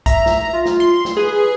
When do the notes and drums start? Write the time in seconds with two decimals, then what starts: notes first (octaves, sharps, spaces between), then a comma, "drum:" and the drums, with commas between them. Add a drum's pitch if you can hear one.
0.06 E5 A#5, drum: kick B1, hi-hat
0.26 drum: snare
0.53 F4
0.65 drum: snare
0.80 C6
1.05 drum: snare
1.17 G#4 B4